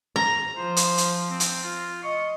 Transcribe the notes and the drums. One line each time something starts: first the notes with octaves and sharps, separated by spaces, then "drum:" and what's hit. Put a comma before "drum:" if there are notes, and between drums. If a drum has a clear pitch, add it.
A#5
F3 C5
drum: hi-hat
drum: hi-hat
C4
drum: hi-hat
F4
D#5 C#6